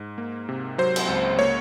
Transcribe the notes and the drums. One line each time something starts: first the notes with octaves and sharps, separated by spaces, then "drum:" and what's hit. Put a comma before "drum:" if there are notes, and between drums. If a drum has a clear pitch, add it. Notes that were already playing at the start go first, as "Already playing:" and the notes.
Already playing: G#2
A#3
C3
F#3 C5
drum: cymbal
C#2
A#3 C#5